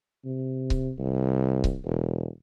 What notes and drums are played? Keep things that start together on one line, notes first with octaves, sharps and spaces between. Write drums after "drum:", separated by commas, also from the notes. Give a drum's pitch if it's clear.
C3
drum: kick C#1
C2
drum: kick C#1
E1